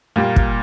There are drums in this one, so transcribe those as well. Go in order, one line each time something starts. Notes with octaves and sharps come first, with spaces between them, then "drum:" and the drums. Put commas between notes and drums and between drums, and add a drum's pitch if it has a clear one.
A#2 G3 A#3
drum: kick